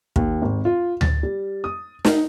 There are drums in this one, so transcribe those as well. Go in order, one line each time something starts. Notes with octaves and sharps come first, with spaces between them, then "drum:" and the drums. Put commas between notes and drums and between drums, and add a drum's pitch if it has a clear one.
D#2, drum: kick
G#1
F4
A6, drum: tom D2
G3
D#6
D#4, drum: snare